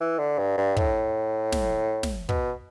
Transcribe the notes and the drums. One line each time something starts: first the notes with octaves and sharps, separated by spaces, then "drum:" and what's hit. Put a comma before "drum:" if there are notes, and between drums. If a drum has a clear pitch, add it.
E3
D3
G2
G2
A2, drum: kick
drum: snare
drum: snare
B2, drum: kick